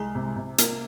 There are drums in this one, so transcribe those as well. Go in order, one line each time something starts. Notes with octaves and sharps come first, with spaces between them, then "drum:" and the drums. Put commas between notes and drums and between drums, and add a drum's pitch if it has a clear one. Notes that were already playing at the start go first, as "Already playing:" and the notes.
Already playing: C2 G#3 G#4
C3
C3
A#3, drum: hi-hat